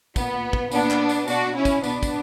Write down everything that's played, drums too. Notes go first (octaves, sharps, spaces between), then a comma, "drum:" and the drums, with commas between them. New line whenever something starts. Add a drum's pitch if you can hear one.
A#2 B3, drum: kick, tambourine
drum: kick
A#2 B3 D4, drum: tambourine
drum: clap
drum: tambourine
B2 D4 F#4, drum: tambourine
C#4 E4
drum: kick, tambourine
B2 B3 D4, drum: tambourine
drum: kick, tambourine